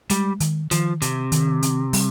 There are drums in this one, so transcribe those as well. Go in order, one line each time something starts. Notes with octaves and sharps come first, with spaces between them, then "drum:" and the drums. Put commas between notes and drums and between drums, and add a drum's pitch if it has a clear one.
G3 G#3, drum: hi-hat
D#3, drum: hi-hat
D#3 F3, drum: hi-hat
C3 C4, drum: hi-hat
D#3, drum: hi-hat
C4, drum: hi-hat
G3, drum: open hi-hat